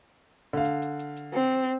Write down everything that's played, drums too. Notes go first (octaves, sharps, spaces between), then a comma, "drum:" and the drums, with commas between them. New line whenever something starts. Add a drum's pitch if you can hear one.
D3 F5
drum: hi-hat
drum: hi-hat
drum: hi-hat
drum: hi-hat
C4